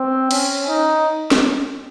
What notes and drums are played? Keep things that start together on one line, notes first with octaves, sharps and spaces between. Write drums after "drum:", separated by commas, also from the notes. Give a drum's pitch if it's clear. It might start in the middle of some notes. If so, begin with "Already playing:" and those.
Already playing: C4
C#4, drum: cymbal
D#4
drum: snare